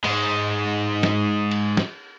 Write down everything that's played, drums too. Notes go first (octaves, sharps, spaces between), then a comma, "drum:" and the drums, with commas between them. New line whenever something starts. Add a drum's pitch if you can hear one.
G#2 G#3, drum: cymbal
drum: snare
drum: cymbal
drum: snare